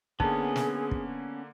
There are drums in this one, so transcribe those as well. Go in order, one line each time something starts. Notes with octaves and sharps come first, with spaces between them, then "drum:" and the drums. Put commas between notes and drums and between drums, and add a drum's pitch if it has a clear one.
D3 A#3 B3 C#4 D#4 G#4, drum: kick
drum: snare
drum: kick